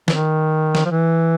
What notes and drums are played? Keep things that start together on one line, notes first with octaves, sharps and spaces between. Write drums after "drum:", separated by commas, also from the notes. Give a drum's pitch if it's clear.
E3, drum: snare
D#3
drum: snare
F3
E3